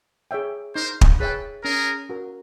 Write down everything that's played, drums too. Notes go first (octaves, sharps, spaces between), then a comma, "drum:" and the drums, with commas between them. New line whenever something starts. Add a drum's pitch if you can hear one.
G#4 C#5 E5 G5
D#4 A#4 C5
drum: kick
G#4 A4 B4 C#5 E5 G5
C#4 G#4 A#4
F#4 A#4